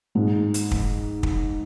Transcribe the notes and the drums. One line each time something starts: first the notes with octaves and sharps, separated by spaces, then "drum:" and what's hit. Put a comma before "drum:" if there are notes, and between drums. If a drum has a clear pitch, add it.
G#2 G#3
drum: hi-hat
drum: kick
drum: kick